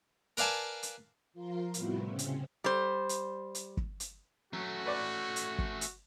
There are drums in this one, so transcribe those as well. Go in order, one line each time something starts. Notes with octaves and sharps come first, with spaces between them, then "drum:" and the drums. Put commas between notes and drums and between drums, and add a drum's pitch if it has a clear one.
A#4 B4 D5 F5 G#5 A5, drum: hi-hat
drum: hi-hat
F3 F4 A#4 C6
A2 C3 G3 B3 E4 F#4, drum: hi-hat
C#3 C4 C#4
drum: hi-hat
G3 C5
drum: hi-hat
drum: hi-hat
drum: kick
drum: hi-hat
F#3 A3 C#4 F#4
B4 D5 D6
drum: hi-hat
drum: kick
drum: hi-hat